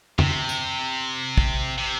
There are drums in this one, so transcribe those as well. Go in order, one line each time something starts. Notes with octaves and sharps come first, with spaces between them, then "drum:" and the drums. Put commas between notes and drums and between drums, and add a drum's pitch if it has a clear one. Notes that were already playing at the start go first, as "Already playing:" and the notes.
C3, drum: tom F2
drum: tambourine
drum: kick
C3